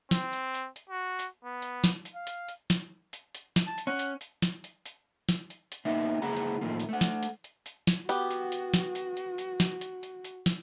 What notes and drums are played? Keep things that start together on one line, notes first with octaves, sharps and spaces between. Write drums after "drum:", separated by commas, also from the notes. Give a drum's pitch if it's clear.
C4, drum: snare
drum: hi-hat
drum: hi-hat
drum: hi-hat
F#4
drum: hi-hat
B3
drum: hi-hat
drum: snare
drum: hi-hat
F5
drum: hi-hat
drum: hi-hat
drum: snare
drum: hi-hat
drum: hi-hat
drum: snare
A5
drum: hi-hat
C#4 F#5
drum: hi-hat
drum: hi-hat
drum: snare
drum: hi-hat
drum: hi-hat
drum: snare
drum: hi-hat
drum: hi-hat
A#3 B3 D#4 E5
C#2 A#3 E4 G#4 F#5 A#5
drum: hi-hat
A2 D#3 F3 A3 A#3
drum: hi-hat
A3 F#5
drum: snare
drum: hi-hat
drum: hi-hat
drum: hi-hat
drum: snare
B3 F#4 G4, drum: hi-hat
drum: hi-hat
drum: hi-hat
drum: snare
drum: hi-hat
drum: hi-hat
drum: hi-hat
drum: snare
drum: hi-hat
drum: hi-hat
drum: hi-hat
drum: snare